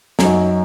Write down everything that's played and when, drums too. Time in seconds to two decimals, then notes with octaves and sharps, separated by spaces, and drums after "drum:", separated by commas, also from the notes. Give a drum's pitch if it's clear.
0.19 F#2 F#3 D#4, drum: snare